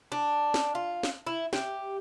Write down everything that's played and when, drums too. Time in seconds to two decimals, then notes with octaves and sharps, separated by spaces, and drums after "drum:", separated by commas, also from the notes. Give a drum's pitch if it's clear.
0.12 D4
0.54 drum: snare
0.75 F4
1.03 drum: snare
1.27 E4
1.53 G4, drum: snare